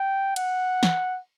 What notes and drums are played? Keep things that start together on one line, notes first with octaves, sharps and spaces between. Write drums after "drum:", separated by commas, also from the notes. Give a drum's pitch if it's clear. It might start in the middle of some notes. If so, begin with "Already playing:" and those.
Already playing: G5
F#5, drum: cymbal
drum: snare